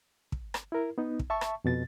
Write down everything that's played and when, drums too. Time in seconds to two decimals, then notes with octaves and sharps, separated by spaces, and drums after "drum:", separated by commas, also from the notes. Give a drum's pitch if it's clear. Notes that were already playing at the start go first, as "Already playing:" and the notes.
0.32 drum: kick
0.54 drum: rim click
0.72 E4 A#4
0.98 B3 D#4
1.19 drum: kick
1.30 E5 A5 C#6
1.41 drum: rim click
1.64 F2 B2 A6